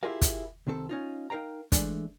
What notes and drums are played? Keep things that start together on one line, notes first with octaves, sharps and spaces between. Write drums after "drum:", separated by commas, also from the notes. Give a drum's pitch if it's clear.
E4 F4 G4 G#4 A#4 F5
drum: kick, hi-hat
C2 D#3 C4 A4
C#4 D#4 F4
D#4 A#4 F5 G5 A#5
E3 G#3 A3 D4, drum: kick, hi-hat